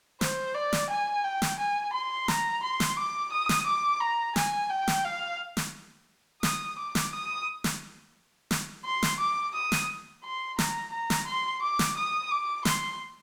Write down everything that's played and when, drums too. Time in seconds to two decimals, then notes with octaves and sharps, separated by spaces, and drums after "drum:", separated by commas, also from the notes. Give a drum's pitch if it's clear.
0.21 C5, drum: snare
0.55 D5
0.73 drum: snare
0.90 G#5
1.24 G5
1.42 drum: snare
1.59 G#5
1.94 C6
2.28 A#5, drum: snare
2.63 C6
2.80 drum: snare
2.97 D6
3.32 D#6
3.49 drum: snare
3.67 D6
4.00 A#5
4.36 G#5, drum: snare
4.70 G5
4.88 drum: snare
5.05 F5
5.57 drum: snare
6.43 D#6, drum: snare
6.78 D6
6.95 drum: snare
7.13 D#6
7.64 drum: snare
8.51 drum: snare
8.85 C6
9.02 drum: snare
9.19 D6
9.55 D#6
9.72 drum: snare
10.24 C6
10.59 A#5, drum: snare
10.92 A#5
11.10 drum: snare
11.27 C6
11.62 D6
11.79 drum: snare
11.97 D#6
12.31 D6
12.65 C6, drum: snare